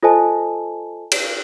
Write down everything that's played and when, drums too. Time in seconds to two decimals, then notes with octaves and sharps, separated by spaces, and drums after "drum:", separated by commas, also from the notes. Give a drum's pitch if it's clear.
0.03 F4 A4 C5 D#5 G#5 A5
1.12 drum: cymbal